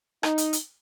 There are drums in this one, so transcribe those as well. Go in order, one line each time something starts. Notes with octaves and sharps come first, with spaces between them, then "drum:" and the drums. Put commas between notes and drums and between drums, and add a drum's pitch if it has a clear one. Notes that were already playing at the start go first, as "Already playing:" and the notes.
D#4, drum: rim click
drum: hi-hat
drum: hi-hat